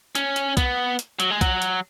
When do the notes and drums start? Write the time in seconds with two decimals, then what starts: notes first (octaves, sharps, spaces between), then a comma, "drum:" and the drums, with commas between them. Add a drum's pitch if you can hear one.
0.15 C#4, drum: hi-hat
0.36 drum: hi-hat
0.57 B3, drum: kick B1, hi-hat
0.99 drum: hi-hat
1.20 F#3, drum: hi-hat
1.30 G#3
1.41 F#3, drum: kick B1, hi-hat
1.62 drum: hi-hat